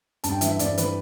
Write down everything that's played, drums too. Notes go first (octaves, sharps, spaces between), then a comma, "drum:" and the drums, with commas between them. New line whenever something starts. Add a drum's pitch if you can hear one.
G2 A5, drum: hi-hat
G5
E3 E5, drum: hi-hat
E5
G2 D5, drum: hi-hat
E3 B4, drum: hi-hat